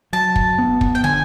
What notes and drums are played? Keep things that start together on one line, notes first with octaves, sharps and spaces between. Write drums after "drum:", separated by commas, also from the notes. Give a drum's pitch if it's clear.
F#3 A5
drum: kick
B3
drum: kick
G5
D3 G#5